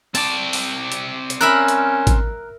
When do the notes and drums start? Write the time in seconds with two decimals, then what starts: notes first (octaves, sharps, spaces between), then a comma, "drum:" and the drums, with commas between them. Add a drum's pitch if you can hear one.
0.15 C4 D5 A5, drum: open hi-hat
0.53 drum: open hi-hat
0.92 drum: hi-hat
1.30 drum: hi-hat
1.41 C#4 A#4 E5 A#5 B5 F6 F#6
1.68 drum: hi-hat
2.07 drum: kick A1, hi-hat